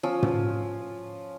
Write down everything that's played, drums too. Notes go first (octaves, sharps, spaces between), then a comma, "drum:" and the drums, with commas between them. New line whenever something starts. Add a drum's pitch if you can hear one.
F3 C#4 F4 E6
drum: tom